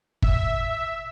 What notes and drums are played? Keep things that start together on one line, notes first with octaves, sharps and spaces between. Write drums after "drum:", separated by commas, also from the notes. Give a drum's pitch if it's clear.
E5, drum: kick